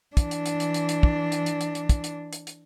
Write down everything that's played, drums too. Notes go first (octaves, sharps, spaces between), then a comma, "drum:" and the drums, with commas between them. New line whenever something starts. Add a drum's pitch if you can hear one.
E3 D4, drum: kick, hi-hat
drum: hi-hat
drum: hi-hat
drum: hi-hat
drum: hi-hat
drum: hi-hat
drum: kick
drum: hi-hat
drum: hi-hat
drum: hi-hat
drum: hi-hat
drum: kick, hi-hat
drum: hi-hat
drum: hi-hat
drum: hi-hat